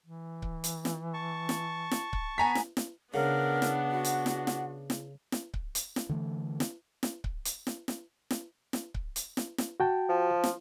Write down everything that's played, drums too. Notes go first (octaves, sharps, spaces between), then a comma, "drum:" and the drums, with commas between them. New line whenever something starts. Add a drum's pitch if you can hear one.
E3
drum: kick C#1
drum: hi-hat
drum: snare
A5 C#6
drum: snare
drum: snare
drum: kick C#1
B3 G#5 A#5 B6
drum: snare
drum: snare
C#3 B3 D4 A#4 F#5
drum: snare
F#4
drum: hi-hat
drum: snare
drum: snare
drum: snare
drum: snare
drum: kick C#1
drum: hi-hat
drum: snare
D3 E3 A3
drum: snare
drum: snare
drum: kick C#1
drum: hi-hat
drum: snare
drum: snare
drum: snare
drum: snare
drum: kick C#1
drum: hi-hat
drum: snare
drum: snare
F#4 G5 A5
F3
drum: snare